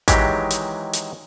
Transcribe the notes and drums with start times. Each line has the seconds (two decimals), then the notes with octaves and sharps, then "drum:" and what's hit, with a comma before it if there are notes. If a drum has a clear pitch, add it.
0.08 D#3 E3 F#3 G#3 G4, drum: kick A1, hi-hat
0.50 drum: hi-hat
0.93 drum: hi-hat